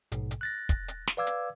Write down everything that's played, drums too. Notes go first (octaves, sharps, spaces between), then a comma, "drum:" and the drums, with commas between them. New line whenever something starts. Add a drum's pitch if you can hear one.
A#1 G#2 B2, drum: hi-hat
drum: hi-hat
F#6 A6 A#6
drum: kick, hi-hat
drum: hi-hat
drum: snare
B4 D5 F5 D6 E6 G#6
drum: hi-hat